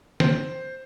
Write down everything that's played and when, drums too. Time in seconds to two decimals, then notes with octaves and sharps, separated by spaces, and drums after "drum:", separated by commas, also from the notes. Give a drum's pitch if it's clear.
0.20 C5, drum: snare